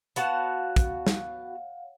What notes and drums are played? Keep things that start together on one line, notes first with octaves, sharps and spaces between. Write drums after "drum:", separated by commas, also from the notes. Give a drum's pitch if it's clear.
B3 F#4 C#5 F5 F#5 A5, drum: hi-hat
drum: kick, hi-hat
drum: snare